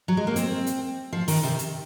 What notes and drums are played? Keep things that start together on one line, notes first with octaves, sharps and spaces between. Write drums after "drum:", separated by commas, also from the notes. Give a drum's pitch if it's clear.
F#3
G#3
A#3
C4, drum: hi-hat
drum: hi-hat
F3
D#3, drum: open hi-hat
C3
drum: hi-hat